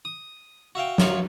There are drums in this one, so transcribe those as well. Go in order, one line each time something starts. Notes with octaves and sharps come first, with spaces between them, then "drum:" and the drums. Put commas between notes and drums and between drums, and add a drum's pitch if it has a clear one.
D#6
F#4 E5 F5 G5
F#2 F3 F#3 F5 C#6, drum: snare